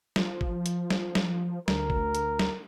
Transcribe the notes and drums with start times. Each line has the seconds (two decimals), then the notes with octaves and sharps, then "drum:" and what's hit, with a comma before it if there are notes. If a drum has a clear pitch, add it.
0.16 F3, drum: snare
0.41 drum: kick
0.66 drum: hi-hat
0.90 drum: snare
1.15 drum: snare
1.68 D2 A#4, drum: snare
1.90 drum: kick
2.15 drum: hi-hat
2.39 drum: snare